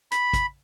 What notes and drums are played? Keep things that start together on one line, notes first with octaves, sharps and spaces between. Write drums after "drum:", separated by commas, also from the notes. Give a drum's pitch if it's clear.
B5, drum: hi-hat
drum: kick, hi-hat